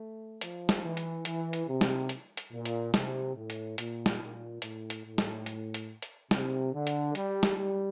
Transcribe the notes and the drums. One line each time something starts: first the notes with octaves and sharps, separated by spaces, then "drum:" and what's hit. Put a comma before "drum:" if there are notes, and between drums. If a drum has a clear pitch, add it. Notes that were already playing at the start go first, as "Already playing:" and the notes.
Already playing: A3
F3, drum: hi-hat
drum: snare
E3
drum: hi-hat
E3, drum: hi-hat
drum: hi-hat
C3
drum: snare
drum: hi-hat
drum: hi-hat
A#2
drum: hi-hat
C3, drum: snare
A2
drum: hi-hat
A#2, drum: hi-hat
drum: snare
A#2
A2, drum: hi-hat
drum: hi-hat
A2
drum: snare
drum: hi-hat
drum: hi-hat
drum: hi-hat
C3, drum: snare
D3
drum: hi-hat
G3, drum: hi-hat
drum: snare
G3